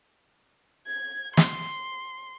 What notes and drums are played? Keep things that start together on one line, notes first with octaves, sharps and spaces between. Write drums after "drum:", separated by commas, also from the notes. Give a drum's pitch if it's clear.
G#6
C6, drum: snare